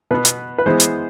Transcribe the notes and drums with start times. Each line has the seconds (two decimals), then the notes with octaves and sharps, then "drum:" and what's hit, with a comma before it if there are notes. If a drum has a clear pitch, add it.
0.11 B2 B3 B4
0.25 drum: hi-hat
0.58 B4
0.66 E3 G#3 B3 C5
0.80 drum: hi-hat